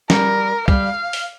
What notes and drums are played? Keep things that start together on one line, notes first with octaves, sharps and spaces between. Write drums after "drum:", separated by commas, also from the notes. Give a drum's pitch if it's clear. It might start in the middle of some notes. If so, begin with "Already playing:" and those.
G3 A#4, drum: snare
G3 F5, drum: kick
drum: open hi-hat